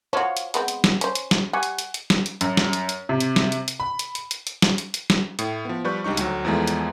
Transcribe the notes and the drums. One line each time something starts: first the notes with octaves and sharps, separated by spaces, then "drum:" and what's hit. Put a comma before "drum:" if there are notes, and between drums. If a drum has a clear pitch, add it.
F3 F#4 C#5 F5
drum: hi-hat
G#3 B3 C4, drum: hi-hat
drum: hi-hat
drum: snare
C#4 C5, drum: hi-hat
drum: hi-hat
drum: snare
G3 F#5 G#5 C#6
drum: hi-hat
drum: hi-hat
drum: hi-hat
drum: snare
drum: hi-hat
F#2, drum: hi-hat
drum: snare
drum: hi-hat
drum: hi-hat
C3
drum: hi-hat
drum: snare
drum: hi-hat
drum: hi-hat
B5
drum: hi-hat
drum: hi-hat
drum: hi-hat
drum: hi-hat
drum: snare
drum: hi-hat
drum: hi-hat
drum: snare
A2, drum: hi-hat
F3 B3
F3 G3 B4 C#6 G6
C#2 G3 D4 D#4 C#6
D2 F#3, drum: hi-hat
E2 E3 F3 G#3 A3
drum: hi-hat